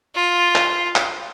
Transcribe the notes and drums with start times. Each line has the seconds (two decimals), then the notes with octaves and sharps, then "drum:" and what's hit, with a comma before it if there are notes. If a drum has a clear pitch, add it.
0.15 F4
0.55 drum: clap
0.96 drum: clap